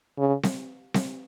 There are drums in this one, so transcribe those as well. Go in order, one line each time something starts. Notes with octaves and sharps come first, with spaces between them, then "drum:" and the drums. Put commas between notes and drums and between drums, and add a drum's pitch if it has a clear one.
C#3
drum: snare C4
drum: snare C4